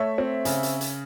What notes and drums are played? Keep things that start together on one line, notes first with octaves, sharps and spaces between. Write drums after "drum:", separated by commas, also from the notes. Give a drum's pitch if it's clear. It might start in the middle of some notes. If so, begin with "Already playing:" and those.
Already playing: A3 C#5 E5
C4
C#3, drum: hi-hat
drum: hi-hat
drum: hi-hat